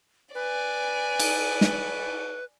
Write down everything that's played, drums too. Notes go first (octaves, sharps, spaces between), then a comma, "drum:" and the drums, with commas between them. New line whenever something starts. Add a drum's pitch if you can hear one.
B4 D5 G#5
drum: cymbal
drum: snare